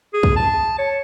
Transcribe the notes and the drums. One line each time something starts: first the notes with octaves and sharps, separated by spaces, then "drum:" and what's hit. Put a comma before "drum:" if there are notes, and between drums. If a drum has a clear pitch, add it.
G#4
drum: kick
A5
C#5